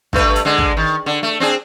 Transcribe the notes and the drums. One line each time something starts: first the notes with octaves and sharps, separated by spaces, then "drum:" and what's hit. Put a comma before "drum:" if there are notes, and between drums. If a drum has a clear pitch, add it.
G2 A3 B4, drum: kick
drum: hi-hat
D3 G#3
drum: kick
D#3
D3
A3
C4 D4 G#4